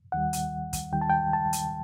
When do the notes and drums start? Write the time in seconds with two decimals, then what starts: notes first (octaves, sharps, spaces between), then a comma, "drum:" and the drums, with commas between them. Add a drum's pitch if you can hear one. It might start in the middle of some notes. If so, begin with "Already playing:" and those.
0.12 D#2 D#3 G3 F#5
0.33 drum: hi-hat
0.73 drum: kick, hi-hat
0.92 D#2 D#3 G3 G5
1.02 A5
1.10 G5
1.33 A5
1.53 drum: hi-hat